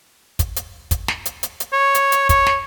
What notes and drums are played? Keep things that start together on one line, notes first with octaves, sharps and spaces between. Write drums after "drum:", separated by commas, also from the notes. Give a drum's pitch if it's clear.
drum: kick, hi-hat
drum: hi-hat
drum: kick, hi-hat
drum: snare
drum: hi-hat
drum: hi-hat
drum: hi-hat
C#5
drum: hi-hat
drum: hi-hat
C#5, drum: kick, hi-hat
drum: snare